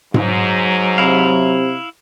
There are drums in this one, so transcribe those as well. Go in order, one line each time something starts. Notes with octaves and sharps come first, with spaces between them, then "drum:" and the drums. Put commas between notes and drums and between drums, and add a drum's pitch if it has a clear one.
G#2 F#3, drum: tom G#2
C3 E4 F5